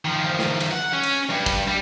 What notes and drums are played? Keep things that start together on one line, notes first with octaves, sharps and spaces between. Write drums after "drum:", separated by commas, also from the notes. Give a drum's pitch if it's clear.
D#3 F3
drum: snare
drum: cymbal
F#5
C#4
drum: cymbal
G2
drum: kick, cymbal
G3